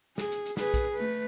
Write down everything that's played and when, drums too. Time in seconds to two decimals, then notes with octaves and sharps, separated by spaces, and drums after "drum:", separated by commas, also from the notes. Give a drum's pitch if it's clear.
0.18 G#4, drum: snare
0.32 drum: hi-hat
0.46 drum: hi-hat
0.57 G#4 B4, drum: snare
0.74 drum: kick A#1, hi-hat
0.94 A3 B4